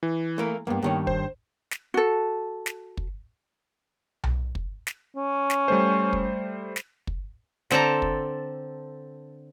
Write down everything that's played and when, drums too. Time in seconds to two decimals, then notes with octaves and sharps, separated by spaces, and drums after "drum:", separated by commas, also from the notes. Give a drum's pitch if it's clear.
0.03 E3
0.38 A3 A#3 A#4
0.67 E2 G2 A#3 B3
0.82 G2 D#3 C#5
1.07 C5, drum: kick
1.71 drum: snare
1.94 F#4 A4
2.66 drum: snare
2.97 drum: kick
4.24 drum: tom B1
4.55 drum: kick
4.87 drum: snare
5.16 C#4
5.50 drum: snare
5.68 G3 A3 C5
6.13 drum: kick
6.76 drum: snare
7.07 drum: kick
7.70 D3 C4 A4 D5 A5 A#5, drum: snare
8.02 drum: kick